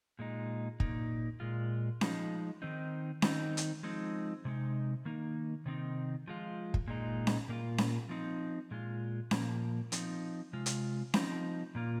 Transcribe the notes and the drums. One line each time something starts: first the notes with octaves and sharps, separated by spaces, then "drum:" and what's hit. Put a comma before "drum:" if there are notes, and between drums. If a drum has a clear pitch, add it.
A#2 G#3 D#4
A#2 A#3 D#4, drum: kick
A#2 G#3 F4
F3 G#3 D#4, drum: snare C#4
D#3 C4 D#4
D#3 C4 D#4, drum: snare C#4
drum: hi-hat
F3 G#3 C4 D#4
C3 G#3 D#4
D#3 A#3 D#4
C3 D#3 C4 D#4
F3 G#3 F4
drum: kick
A#2 G#3 D#4
drum: snare C#4
A#2 A#3 F4
drum: snare C#4
F3 C4 D#4
A#2 G#3 F4
A#2 F3 A#3, drum: snare C#4
F3 C4 D#4, drum: hi-hat
C3 G#3 F4
drum: hi-hat
F3 C4 D#4, drum: snare C#4
A#2 A#3 F4